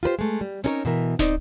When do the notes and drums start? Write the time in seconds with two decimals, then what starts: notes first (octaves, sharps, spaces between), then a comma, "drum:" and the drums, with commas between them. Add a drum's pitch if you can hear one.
0.03 F4 G4 B4 C5
0.19 G#3 A3
0.41 G3
0.64 C4 C#4 D#4 A4 A#4 C#5, drum: hi-hat
0.85 B2 E3 A#4
1.19 C4 D#4 C5 D5, drum: snare